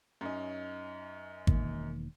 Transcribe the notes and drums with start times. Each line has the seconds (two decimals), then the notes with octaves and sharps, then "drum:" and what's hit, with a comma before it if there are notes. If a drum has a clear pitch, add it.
0.21 F#2 C#4 D#4
1.47 E1 D#3 A#3, drum: kick